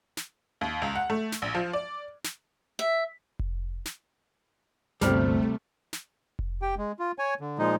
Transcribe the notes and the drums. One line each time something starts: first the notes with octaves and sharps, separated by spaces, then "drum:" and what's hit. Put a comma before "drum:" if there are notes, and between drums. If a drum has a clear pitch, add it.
drum: snare
D#2
C#2
F#5
A3
drum: snare
A#1
F3
D5
drum: snare
E5
drum: kick F1
drum: snare
G1 D2 C3 G3 A3 C5 F6, drum: snare
drum: snare
drum: kick F1
G4 G5
G#3
F4
C#5 G#5
D3
A#2 F3 G#3 D#4